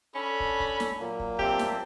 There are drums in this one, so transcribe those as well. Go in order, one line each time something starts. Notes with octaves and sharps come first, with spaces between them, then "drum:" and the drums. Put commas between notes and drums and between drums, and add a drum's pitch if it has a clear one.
C#4 D4 A4 B5
drum: kick
drum: kick
drum: snare
A#2 F#3 A#3
drum: kick
C4 G4 E5 A5, drum: kick
drum: snare